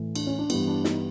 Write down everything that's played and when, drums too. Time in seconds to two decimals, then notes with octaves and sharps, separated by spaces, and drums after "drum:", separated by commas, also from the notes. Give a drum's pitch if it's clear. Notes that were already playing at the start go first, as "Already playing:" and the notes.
Already playing: A2 E3 A3
0.15 D4, drum: cymbal
0.27 C#4
0.39 D4
0.50 G2 E3 G3 B3, drum: cymbal
0.68 D4
0.84 D#4, drum: snare